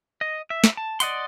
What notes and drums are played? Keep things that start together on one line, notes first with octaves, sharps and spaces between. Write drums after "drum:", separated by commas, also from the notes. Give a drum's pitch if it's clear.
D#5
E5
drum: snare
A5
D5 D#5 F#5 C6, drum: hi-hat